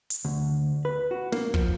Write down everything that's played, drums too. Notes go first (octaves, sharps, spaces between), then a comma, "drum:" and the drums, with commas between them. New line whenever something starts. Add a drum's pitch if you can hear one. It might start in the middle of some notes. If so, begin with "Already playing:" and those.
drum: hi-hat
D2
B4
F#4
A#3, drum: snare
F3, drum: kick